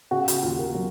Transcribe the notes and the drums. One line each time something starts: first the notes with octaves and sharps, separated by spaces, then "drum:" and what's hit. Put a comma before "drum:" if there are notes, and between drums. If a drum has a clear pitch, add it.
C#3 F#4
F#4, drum: hi-hat
D#2 F4
A#4
F#3